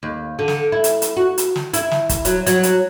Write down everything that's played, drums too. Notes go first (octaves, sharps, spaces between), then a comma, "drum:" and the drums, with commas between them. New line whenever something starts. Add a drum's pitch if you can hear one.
D#2
D3
drum: snare
E4
drum: hi-hat
drum: hi-hat
F#4
drum: hi-hat
drum: snare
E4, drum: hi-hat
drum: snare
drum: kick, hi-hat
F#3, drum: hi-hat
F#3, drum: hi-hat
drum: hi-hat